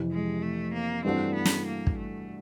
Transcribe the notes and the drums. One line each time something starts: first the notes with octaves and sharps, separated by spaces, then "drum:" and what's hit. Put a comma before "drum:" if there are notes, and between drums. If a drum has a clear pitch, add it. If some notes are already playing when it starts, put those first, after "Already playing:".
Already playing: F2 C3 E3
G#3
A3
A#3
G2 E3 A3 C4 D4 F#4
B3
drum: snare
A#3
drum: kick
A3